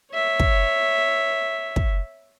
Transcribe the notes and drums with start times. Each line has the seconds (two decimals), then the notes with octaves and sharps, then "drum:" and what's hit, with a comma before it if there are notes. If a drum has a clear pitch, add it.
0.12 C#5 E5
0.40 drum: kick
1.76 drum: kick